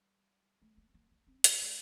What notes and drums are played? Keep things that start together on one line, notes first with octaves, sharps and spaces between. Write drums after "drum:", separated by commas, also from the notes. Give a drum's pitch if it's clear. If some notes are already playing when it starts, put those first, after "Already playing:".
Already playing: G3
A3
A#3
A#3
A#3
C4
A#3, drum: hi-hat
A3